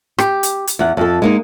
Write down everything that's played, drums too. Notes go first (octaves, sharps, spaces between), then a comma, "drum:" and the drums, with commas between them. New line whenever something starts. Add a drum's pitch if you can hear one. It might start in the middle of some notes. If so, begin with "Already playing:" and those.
G4, drum: rim click
drum: hi-hat
drum: hi-hat
E2 F#5
F2 A4
G#3 A#3 D#4